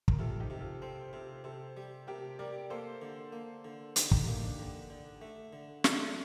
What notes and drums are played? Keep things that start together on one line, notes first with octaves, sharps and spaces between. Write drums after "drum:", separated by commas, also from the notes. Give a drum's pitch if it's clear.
A#4, drum: kick
C3 F4 A4
D#4 G4
C3
F4 A4
C4 A4 C5
C3 A4 C5
C3 A4 C5
G3
C3 G4 A#4
G3 A#4 D5
A#3 A4 C5
D3
A#3
D3
D3 D#4 G4, drum: hi-hat
D#4 G4, drum: kick
A#3 D#4
D4
D3
D3
A3
D3
A3 D4, drum: snare